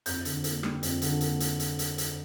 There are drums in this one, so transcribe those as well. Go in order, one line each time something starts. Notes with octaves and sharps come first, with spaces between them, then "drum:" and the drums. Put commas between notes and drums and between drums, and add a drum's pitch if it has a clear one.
F2 G6, drum: hi-hat
D3, drum: hi-hat
A#3, drum: hi-hat
G3, drum: rim click
F2, drum: hi-hat
D3, drum: hi-hat
A#3, drum: hi-hat
drum: hi-hat
drum: hi-hat
drum: hi-hat
drum: hi-hat